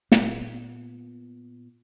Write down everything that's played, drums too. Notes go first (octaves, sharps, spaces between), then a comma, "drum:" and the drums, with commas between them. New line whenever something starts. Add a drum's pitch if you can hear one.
A#2 B3, drum: snare